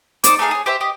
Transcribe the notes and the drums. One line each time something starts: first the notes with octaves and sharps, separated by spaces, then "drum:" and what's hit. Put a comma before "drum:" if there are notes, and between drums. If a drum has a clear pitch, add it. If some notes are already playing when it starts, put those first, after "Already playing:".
D#4 C5 D5 D6, drum: hi-hat
A3 D#4 G#4 F5
G#4 C#5
G4 C5 E5
G4 D#5